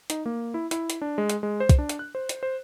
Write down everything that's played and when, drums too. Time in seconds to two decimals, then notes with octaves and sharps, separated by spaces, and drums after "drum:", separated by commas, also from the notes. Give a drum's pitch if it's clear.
0.10 D#4, drum: hi-hat
0.26 A#3
0.54 E4
0.71 E4, drum: hi-hat
0.90 drum: hi-hat
1.02 D4
1.18 G#3
1.30 drum: hi-hat
1.43 G#3
1.60 C5
1.69 drum: kick, hi-hat
1.79 D4
1.89 drum: hi-hat
1.99 F#6
2.15 C5
2.29 drum: hi-hat
2.43 C5